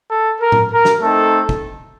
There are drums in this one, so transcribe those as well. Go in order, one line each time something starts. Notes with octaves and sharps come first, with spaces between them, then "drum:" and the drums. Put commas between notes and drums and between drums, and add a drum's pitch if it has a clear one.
A4
A#4
drum: tom A2
A#4
drum: snare
A3 C4 D#4 A4
drum: kick